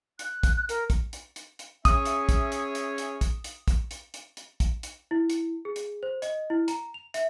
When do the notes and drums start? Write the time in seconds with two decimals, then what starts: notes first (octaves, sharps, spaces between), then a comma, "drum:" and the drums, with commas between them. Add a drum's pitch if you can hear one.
0.19 F#6, drum: hi-hat
0.43 drum: kick, hi-hat
0.69 A#4, drum: hi-hat
0.90 drum: kick, hi-hat
1.13 drum: hi-hat
1.36 drum: hi-hat
1.59 drum: hi-hat
1.85 C#4 G#4 E5 D#6, drum: kick, hi-hat
2.05 drum: hi-hat
2.29 drum: kick, hi-hat
2.52 drum: hi-hat
2.75 drum: hi-hat
2.98 drum: hi-hat
3.21 drum: kick, hi-hat
3.44 drum: hi-hat
3.68 drum: kick, hi-hat
3.91 drum: hi-hat
4.14 drum: hi-hat
4.37 drum: hi-hat
4.60 drum: kick, hi-hat
4.83 drum: hi-hat
5.11 E4
5.30 drum: hi-hat
5.65 G#4
5.76 drum: hi-hat
6.03 C5
6.22 D#5, drum: hi-hat
6.50 E4
6.68 A#5, drum: hi-hat
6.94 F7
7.14 E5, drum: hi-hat